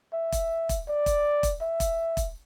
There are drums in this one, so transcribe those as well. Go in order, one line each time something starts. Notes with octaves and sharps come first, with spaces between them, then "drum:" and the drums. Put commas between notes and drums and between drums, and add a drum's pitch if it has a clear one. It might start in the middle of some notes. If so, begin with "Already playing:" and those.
E5
drum: kick E1, hi-hat
drum: kick E1, hi-hat
D5
drum: kick E1, hi-hat
drum: kick E1, hi-hat
E5
drum: kick E1, hi-hat
drum: kick E1, hi-hat